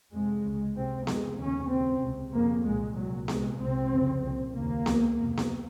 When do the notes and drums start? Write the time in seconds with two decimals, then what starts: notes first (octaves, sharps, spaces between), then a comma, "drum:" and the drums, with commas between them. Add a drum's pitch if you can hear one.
0.12 F2 C3 G#3
0.44 C#2 C#3
0.76 C#2 C3 C4
1.07 F2 C3 G#3, drum: snare B3
1.38 D#2 C#3 C#4
1.70 C#2 C3 C4
2.02 C#2 C3
2.33 F2 C#3 A#3
2.65 C2 A#2 G#3
2.96 C2 A#2 F#3
3.28 C#2 C3 G#3, drum: snare B3
3.59 C2 C3 C4
3.91 F2 C#3
4.22 C2 A#2
4.54 D#2 C#3 A#3
4.86 C#2 C#3, drum: snare B3
5.17 F2 C3
5.37 drum: snare B3